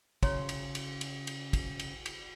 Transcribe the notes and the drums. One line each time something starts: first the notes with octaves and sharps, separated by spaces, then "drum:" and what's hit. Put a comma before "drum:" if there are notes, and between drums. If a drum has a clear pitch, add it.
C#3 C#5 A#5 C6, drum: kick, cymbal
drum: cymbal
drum: cymbal
drum: cymbal
drum: cymbal
drum: kick, cymbal
drum: cymbal
drum: cymbal